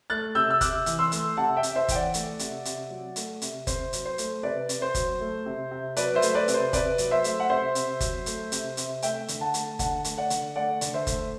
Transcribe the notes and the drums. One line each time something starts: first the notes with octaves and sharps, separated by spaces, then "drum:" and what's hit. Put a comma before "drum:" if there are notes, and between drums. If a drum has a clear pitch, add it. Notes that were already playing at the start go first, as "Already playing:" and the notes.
A3 F#6 A6
C3 E6 G6
E6
C3 D6 F#6, drum: kick F#1, hi-hat
E3, drum: hi-hat
C6 E6
A3, drum: hi-hat
C3 F#5 A5
E5 G5
C3, drum: hi-hat
C5 E5
E3 G5, drum: kick F#1, hi-hat
D5 F#5
A3, drum: hi-hat
C3, drum: hi-hat
C3, drum: hi-hat
F#3
A3, drum: hi-hat
C3, drum: hi-hat
C3 C5, drum: kick F#1, hi-hat
F#3, drum: hi-hat
C5
A3, drum: hi-hat
C3 B4 D5
C3, drum: hi-hat
C5
F#3, drum: kick F#1, hi-hat
A3
C3
C3
F#3 B4 D5, drum: hi-hat
C5 E5
A3, drum: hi-hat
B4 D5
C3, drum: hi-hat
C5
C3 B4 D5, drum: kick F#1, hi-hat
F#3, drum: hi-hat
C5 E5
A3, drum: hi-hat
F#5
C3 C5 E5
C3, drum: hi-hat
F#3, drum: kick F#1, hi-hat
A3, drum: hi-hat
C3, drum: hi-hat
C3, drum: hi-hat
A3 E5 G5, drum: hi-hat
D3, drum: hi-hat
F#5 A5
A3, drum: hi-hat
D3 F#5 A5, drum: kick F#1, hi-hat
A3, drum: hi-hat
D5 F#5
D3, drum: hi-hat
A3 D5 F#5
D3, drum: hi-hat
C5 E5
A3, drum: kick F#1, hi-hat